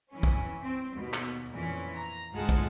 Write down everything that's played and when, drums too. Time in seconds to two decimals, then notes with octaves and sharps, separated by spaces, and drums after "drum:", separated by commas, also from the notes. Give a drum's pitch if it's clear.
0.11 E3 C#4
0.23 drum: kick
0.61 C4
0.91 D#2 B2
1.13 drum: clap
1.51 F2 A#2 E3 C#4
1.96 A#5
2.33 D2 G#2 G#3 F4 F#5 A5
2.49 drum: kick